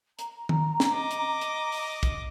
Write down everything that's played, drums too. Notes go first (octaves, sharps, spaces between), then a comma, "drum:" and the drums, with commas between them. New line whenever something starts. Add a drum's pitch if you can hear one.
A#5, drum: hi-hat
drum: tom D#3
drum: snare
D#5 D6
drum: hi-hat
drum: hi-hat
drum: open hi-hat
drum: kick, hi-hat